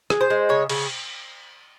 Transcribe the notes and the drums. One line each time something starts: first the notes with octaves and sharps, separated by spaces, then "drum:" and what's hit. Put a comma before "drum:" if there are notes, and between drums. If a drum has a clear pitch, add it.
G#3, drum: rim click
C5
G#3
C#3 C#5
C#3, drum: cymbal